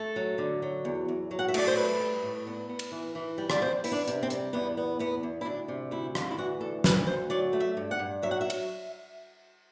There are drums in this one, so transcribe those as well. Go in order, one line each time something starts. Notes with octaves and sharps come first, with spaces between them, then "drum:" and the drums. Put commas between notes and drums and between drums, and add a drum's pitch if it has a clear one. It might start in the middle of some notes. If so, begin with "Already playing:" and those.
Already playing: A3 A4
F#3
D3
F#3
E2
E2
F#3
F#5
E5
A3 D5, drum: cymbal
C5
G3 B4
G3
A2
B3
B3
drum: cymbal
E3
E3
G3
D5, drum: rim click
E2 C5
B3 E4, drum: open hi-hat
D4
C3, drum: hi-hat
C4
G3, drum: hi-hat
E2 B3
B3
E2 B3
E2
E4
D2 D4
C3
D2 E4
D2, drum: rim click
E4
E3 F#4
D2 A4
D2 B4, drum: snare
D2 C5
F#3 D5
A3
E5
G2
F#5
G2
F#3 E5
F#5
F#3 E5
drum: cymbal